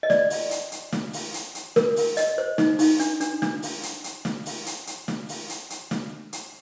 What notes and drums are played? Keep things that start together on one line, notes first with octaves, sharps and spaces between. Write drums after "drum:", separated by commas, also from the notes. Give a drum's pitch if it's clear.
D#5
D5, drum: snare
drum: open hi-hat
drum: hi-hat
drum: hi-hat
drum: snare
drum: open hi-hat
drum: hi-hat
drum: hi-hat
A#4, drum: snare
drum: open hi-hat
D#5, drum: hi-hat
C5
D#4, drum: snare
D#4, drum: open hi-hat
D4, drum: hi-hat
D4, drum: hi-hat
D4, drum: snare
drum: open hi-hat
drum: hi-hat
drum: hi-hat
drum: snare
drum: open hi-hat
drum: hi-hat
drum: hi-hat
drum: snare
drum: open hi-hat
drum: hi-hat
drum: hi-hat
drum: snare
drum: hi-hat